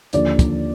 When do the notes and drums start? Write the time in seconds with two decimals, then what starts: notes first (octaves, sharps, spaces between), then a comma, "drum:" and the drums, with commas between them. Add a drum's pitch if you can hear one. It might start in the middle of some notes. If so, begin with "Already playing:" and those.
0.13 D#2 D3 F3 D5, drum: hi-hat
0.39 drum: kick, hi-hat